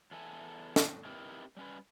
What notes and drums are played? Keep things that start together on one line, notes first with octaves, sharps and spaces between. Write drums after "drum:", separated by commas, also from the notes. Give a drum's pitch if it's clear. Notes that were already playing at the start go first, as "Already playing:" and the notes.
E2 B3 A4 E5 G#5
drum: snare
C4 D#4 E4 G4 A#4 B4
G3 C#4 B4